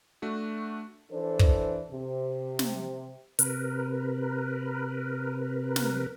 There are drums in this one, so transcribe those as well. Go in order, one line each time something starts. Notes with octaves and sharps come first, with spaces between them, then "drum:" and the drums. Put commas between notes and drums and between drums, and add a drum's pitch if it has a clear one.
A3 D4 F#4
E3 D4 A4 C5
drum: kick
C3
drum: snare
C3 A#4 B4, drum: hi-hat
drum: snare